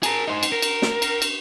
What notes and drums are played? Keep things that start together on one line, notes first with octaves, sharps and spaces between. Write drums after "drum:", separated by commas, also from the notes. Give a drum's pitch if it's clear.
G#4 A#4, drum: cymbal
D#4 C5
drum: cymbal
A#4
drum: cymbal
drum: snare
drum: cymbal
drum: cymbal